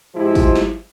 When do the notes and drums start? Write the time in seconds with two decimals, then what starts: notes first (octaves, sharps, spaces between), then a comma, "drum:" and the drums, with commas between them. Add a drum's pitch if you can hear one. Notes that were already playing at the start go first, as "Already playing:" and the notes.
0.15 G#2 F3 G#3 E4 F4 G4
0.35 drum: kick, open hi-hat
0.55 drum: snare